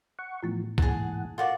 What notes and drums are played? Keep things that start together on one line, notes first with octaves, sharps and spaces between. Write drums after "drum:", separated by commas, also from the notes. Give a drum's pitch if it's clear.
F#5 C#6
A2 E3 F3 A3 B3
G#2 B2 E3 A#3 G#4 F#5 A5, drum: kick C2
F4 F#4 A4 A#4 D5 F5